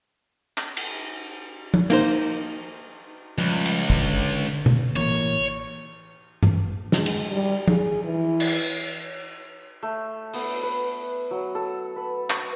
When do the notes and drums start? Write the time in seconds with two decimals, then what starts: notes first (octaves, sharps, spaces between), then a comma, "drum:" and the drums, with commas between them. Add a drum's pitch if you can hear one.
0.57 drum: clap
0.77 drum: cymbal
1.74 drum: tom F3
1.90 A#3 D#4 C5, drum: cymbal
3.38 C#2 F3 G3
3.65 drum: cymbal
3.90 D3, drum: kick
4.66 drum: tom B2
4.96 A1 E3 A#3 C#5
6.43 drum: tom G2
6.92 G#3, drum: snare
7.06 drum: cymbal
7.31 G3
7.68 G#4, drum: tom F3
8.04 E3
8.40 drum: cymbal
9.83 A3
10.34 B3, drum: open hi-hat
10.63 B4
11.31 F#3
11.55 A4
11.96 B4
12.30 C#6, drum: clap